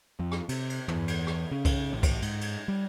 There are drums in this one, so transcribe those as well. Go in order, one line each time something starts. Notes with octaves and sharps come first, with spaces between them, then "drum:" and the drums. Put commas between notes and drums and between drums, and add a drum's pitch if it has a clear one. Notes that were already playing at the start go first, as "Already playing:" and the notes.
F2
drum: rim click
C3, drum: cymbal
drum: cymbal
E2, drum: tom
drum: cymbal
drum: rim click
C#3
drum: kick C2, cymbal
A1
drum: kick C2, cymbal
G#2, drum: cymbal
drum: cymbal
G3